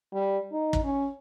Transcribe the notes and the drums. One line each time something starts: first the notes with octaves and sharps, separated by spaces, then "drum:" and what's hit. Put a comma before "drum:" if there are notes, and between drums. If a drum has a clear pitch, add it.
G3
D#4
drum: kick
C#4